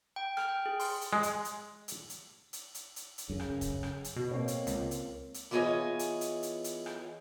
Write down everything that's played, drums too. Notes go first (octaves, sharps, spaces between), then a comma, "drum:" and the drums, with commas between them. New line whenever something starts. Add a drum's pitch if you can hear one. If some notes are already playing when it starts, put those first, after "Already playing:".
G5
F6, drum: rim click
G5
G#4
C6, drum: open hi-hat
drum: hi-hat
G#3
drum: hi-hat
drum: hi-hat
drum: hi-hat
drum: hi-hat
drum: hi-hat
drum: hi-hat
drum: hi-hat
drum: hi-hat
F#2 C#3
drum: rim click
drum: kick, hi-hat
drum: rim click
drum: hi-hat
B2
A#3 C4 C#5
drum: hi-hat
C#2, drum: hi-hat
drum: hi-hat
drum: hi-hat
E3 B3 F4 G#4 C#5 D#5
drum: hi-hat
drum: hi-hat
drum: hi-hat
drum: hi-hat
drum: rim click